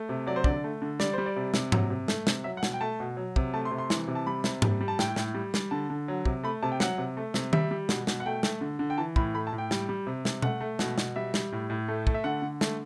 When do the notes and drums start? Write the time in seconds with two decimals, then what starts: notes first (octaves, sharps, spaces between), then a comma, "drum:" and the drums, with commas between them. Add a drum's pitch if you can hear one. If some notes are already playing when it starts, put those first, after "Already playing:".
Already playing: A3
0.09 C3
0.27 F#3 D5
0.36 C5
0.44 D3 D5, drum: kick
0.64 A3
0.82 D3
1.00 G3 D5, drum: snare
1.13 G3 C5
1.26 D5
1.36 C3
1.54 C3, drum: snare
1.72 F#3, drum: tom G#2
1.90 C3
2.08 A3, drum: snare
2.27 C3, drum: snare
2.44 F#3 E5
2.57 F#5
2.63 B2, drum: snare
2.73 G5
2.81 A3 A5
3.00 B2
3.17 F#3
3.36 C3, drum: kick
3.54 A3 A5
3.65 C6
3.71 C3
3.78 C6
3.90 E3, drum: snare
4.08 C3
4.15 A5
4.27 G3 B5
4.44 C3, drum: snare
4.62 G3, drum: tom G#2
4.81 G3
4.88 A5
4.99 A2 G5, drum: snare
5.16 A2, drum: snare
5.34 G3
5.54 G3, drum: snare
5.71 D3 A5
5.90 D3
6.08 F#3
6.25 C3, drum: kick
6.44 A3 B5
6.63 C3 A5
6.72 G5
6.80 F#3 F#5, drum: snare
6.98 C3
7.17 A3
7.34 C3, drum: snare
7.53 G3 E5, drum: tom D#3
7.71 G3
7.89 B2, drum: snare
8.07 B2, drum: snare
8.20 F#5
8.26 A3 G5
8.43 A3, drum: snare
8.61 D3
8.79 D3
8.90 G5
8.98 E3 A5
9.16 A2 B5, drum: kick
9.34 A3 B5
9.47 A5
9.53 A2
9.58 G5
9.71 G3, drum: snare
9.89 G3
10.07 C3
10.25 C3, drum: snare
10.42 A3 F#5, drum: tom B2
10.61 A3
10.79 B2, drum: snare
10.98 B2, drum: snare
11.16 G3 E5
11.34 G3, drum: snare
11.52 A2
11.70 A2
11.88 A3
12.07 A3, drum: kick
12.14 E5
12.24 D3 F#5
12.42 D3
12.61 A3, drum: snare